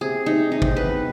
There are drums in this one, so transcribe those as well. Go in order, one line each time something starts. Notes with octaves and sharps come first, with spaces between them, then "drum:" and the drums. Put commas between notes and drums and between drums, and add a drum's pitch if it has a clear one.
C3 G#4
C3 D#4
C3 D#4
drum: kick
B2 B4